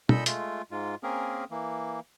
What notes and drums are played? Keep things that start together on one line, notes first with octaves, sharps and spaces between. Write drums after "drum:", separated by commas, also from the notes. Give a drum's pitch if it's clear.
A#2 A4 D#5 B5 E6 G6, drum: tom
G#3 A3 F4, drum: hi-hat
G#2 G#3 F4
A#3 C4 C#4 G#4 A#4
E3 A#3